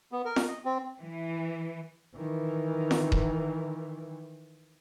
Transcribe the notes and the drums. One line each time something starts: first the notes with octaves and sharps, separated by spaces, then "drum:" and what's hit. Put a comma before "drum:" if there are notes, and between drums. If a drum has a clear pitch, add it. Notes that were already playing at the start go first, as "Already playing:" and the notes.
B3
A#4
drum: snare F4
D#5
C4
E3
D#3 E3
drum: snare F4
drum: kick D#1